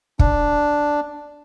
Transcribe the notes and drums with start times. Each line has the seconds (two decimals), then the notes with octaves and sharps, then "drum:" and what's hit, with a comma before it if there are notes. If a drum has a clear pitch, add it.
0.19 D4, drum: kick